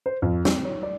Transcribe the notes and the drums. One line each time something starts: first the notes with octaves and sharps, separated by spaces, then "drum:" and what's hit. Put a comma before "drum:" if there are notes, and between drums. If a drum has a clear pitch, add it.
C5
F2
C4, drum: snare
C#5
D5